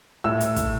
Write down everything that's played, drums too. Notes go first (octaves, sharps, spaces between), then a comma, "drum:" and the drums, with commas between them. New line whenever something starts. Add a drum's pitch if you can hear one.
A2 E6
drum: hi-hat
drum: kick, hi-hat